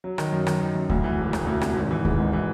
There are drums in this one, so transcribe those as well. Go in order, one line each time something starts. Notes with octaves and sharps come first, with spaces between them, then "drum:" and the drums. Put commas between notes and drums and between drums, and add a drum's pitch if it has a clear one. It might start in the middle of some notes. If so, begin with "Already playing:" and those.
F#3
D#3, drum: rim click
F#2
D#3, drum: rim click
D#3
F#2
D2, drum: kick D2
E3
E1
E1, drum: rim click
D2
C3, drum: rim click
G#1
E3
G#2, drum: kick D2
G#1
E3